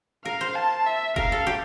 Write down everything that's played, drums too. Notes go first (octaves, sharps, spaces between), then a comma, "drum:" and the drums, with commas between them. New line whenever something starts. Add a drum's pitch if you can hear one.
A#4 F5
C5
A5
E5
A#4 F5, drum: kick F1
A4
G4